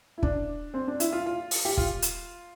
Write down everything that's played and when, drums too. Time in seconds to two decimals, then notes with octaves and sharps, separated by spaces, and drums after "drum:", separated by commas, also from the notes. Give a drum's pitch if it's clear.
0.18 E4
0.23 D4, drum: kick
0.74 C4
0.88 D4
1.00 E4, drum: hi-hat
1.12 F4
1.26 F4
1.51 drum: open hi-hat
1.65 G4
1.77 F4, drum: kick
2.02 drum: hi-hat